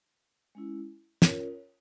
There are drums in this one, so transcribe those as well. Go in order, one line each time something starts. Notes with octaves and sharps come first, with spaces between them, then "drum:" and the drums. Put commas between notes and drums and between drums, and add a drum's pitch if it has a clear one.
G#3 C#4 E4
C#4 F4 A#4 C#5, drum: snare